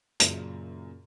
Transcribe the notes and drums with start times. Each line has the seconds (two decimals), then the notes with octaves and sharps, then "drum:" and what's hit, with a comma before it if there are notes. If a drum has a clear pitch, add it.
0.20 F#2 A#2 C#3, drum: hi-hat